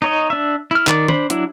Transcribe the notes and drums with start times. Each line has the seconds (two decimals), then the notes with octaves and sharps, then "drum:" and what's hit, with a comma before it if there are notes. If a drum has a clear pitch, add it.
0.02 D#4 C#5 D#5
0.30 D4 E5
0.71 E4 F6
0.87 D#3 D5, drum: clap
1.08 D4 C5 B5, drum: tom D#3
1.30 F#3 D4 E4, drum: hi-hat